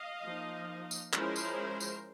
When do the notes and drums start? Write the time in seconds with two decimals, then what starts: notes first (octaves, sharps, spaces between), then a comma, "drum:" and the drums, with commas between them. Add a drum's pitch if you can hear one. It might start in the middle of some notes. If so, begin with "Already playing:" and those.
Already playing: D#5 F5
0.24 F3 A#3 D#4
0.91 drum: tambourine
1.13 F3 G#3 C#4 E4 A#4 C5, drum: clap
1.36 drum: tambourine
1.80 drum: tambourine